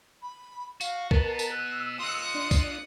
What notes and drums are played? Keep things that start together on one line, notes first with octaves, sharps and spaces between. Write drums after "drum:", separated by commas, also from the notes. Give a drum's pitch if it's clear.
B5
F#4 F5, drum: tambourine
B2 B3 A#4 B4 A5, drum: kick
drum: tambourine
E6 F#6
F4 D#5 C6 D#6 F#6 C#7
D4
drum: kick, tambourine